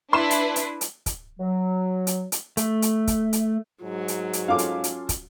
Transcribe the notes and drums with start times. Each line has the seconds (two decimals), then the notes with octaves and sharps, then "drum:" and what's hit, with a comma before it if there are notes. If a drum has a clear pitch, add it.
0.13 D4 E4 B4 C6 E7
0.31 drum: hi-hat
0.56 drum: hi-hat
0.81 drum: hi-hat
1.06 drum: kick, hi-hat
1.40 F#3
2.07 drum: hi-hat
2.32 drum: hi-hat
2.57 A3, drum: hi-hat
2.82 drum: hi-hat
3.07 drum: kick, hi-hat
3.33 drum: hi-hat
3.83 G#2 F#3
4.08 drum: hi-hat
4.33 drum: hi-hat
4.48 C#4 F4 A4 F5 D6
4.58 drum: hi-hat
4.84 drum: hi-hat
5.09 drum: kick, hi-hat